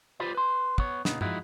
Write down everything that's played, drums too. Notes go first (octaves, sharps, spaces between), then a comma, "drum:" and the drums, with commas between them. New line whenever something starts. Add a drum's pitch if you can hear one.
F4 G4 B4 C5 D5
B4 C6
B3 C#5, drum: kick
A#2 C#3 B3 D#4, drum: snare
F3 G#3 D#4 E4 F#4, drum: tom